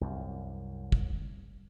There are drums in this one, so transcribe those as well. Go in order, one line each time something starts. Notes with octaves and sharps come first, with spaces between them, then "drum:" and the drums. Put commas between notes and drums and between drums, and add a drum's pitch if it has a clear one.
C2 F#2
drum: kick